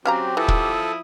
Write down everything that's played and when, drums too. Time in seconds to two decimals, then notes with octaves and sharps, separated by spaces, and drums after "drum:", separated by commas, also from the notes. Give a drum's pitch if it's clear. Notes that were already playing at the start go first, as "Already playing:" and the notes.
0.05 F#3 C4 C#4 G4 F5 A#5
0.37 E3 F3 E4 A4 D#6
0.48 drum: kick